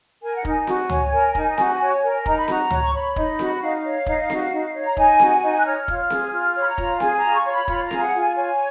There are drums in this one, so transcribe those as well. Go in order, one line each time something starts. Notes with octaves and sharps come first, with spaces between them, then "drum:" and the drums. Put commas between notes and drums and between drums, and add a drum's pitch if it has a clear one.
A#4 G#5
F#5
D#4 G#5, drum: kick
F#4, drum: snare C4
C#5, drum: tom C#2
A#4
D#4, drum: kick
F#4, drum: snare C4
C#5
A#4
D#4 A#5, drum: kick
B5
F#4 A#5, drum: snare C4
C#5, drum: tom C#2
C#6
C#5 B5
D#4, drum: kick
F#4, drum: snare C4
D#4 F5
C#5
D#4, drum: kick
F#4, drum: snare C4
D#4
C#5
A#5
D#4 G#5, drum: kick
F#4, drum: snare C4
D#4
F#6
C#5 F6
F4, drum: kick
F6
G#4, drum: snare C4
F4 F6
C#5 B5
A#5
F4, drum: kick
G#4 G#5, drum: snare C4
A#5
F4
D#6
C#6
C#5
B5
F4 B5, drum: kick
A#5
G#4, drum: snare C4
F#5
F4
G#5
C#5 G#5